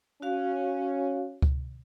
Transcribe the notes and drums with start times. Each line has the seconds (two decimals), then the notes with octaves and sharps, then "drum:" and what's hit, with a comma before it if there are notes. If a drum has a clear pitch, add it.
0.22 C#4 F#4 F5
1.42 drum: kick C#2